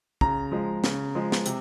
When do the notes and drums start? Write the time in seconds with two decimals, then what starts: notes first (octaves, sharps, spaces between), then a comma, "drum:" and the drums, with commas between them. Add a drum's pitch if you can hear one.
0.21 C#3 A#5, drum: kick
0.52 F3 G#3
0.84 C#3, drum: snare
1.15 F3 G#3
1.32 drum: snare
1.46 C3, drum: hi-hat